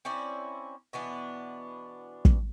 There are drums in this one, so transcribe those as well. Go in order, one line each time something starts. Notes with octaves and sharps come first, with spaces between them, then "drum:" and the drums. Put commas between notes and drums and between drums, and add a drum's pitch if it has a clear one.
C4 C#4 E4 D5
B2 E3 B3 D4
drum: kick